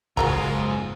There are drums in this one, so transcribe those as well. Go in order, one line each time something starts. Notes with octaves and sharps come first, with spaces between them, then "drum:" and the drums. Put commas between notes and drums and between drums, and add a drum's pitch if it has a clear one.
F#1 G#2 C#3 G#3 F4 F#4 A#4 A#5, drum: kick